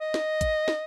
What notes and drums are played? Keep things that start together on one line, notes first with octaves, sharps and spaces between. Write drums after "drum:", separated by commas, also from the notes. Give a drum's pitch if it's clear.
D#5
drum: snare
drum: kick A1, hi-hat
drum: snare